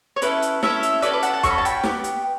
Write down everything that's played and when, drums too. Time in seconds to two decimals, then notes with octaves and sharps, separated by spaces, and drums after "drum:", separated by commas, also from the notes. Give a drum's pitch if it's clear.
0.16 C#5
0.22 C#4 E4 A4 B4 D5, drum: hi-hat
0.42 drum: hi-hat
0.63 C#4 E4 A4 C#5 E5, drum: snare
0.83 drum: hi-hat
1.02 C#4 F#4 A4 B4 D5, drum: hi-hat
1.13 B4 D5
1.22 F#5 A5, drum: hi-hat
1.34 F#5 A5
1.43 C#4 F#4 A4 C#6, drum: kick, hi-hat
1.50 B5
1.58 A5
1.65 G5 B5, drum: hi-hat
1.83 B3 E4 G4, drum: snare
2.04 drum: hi-hat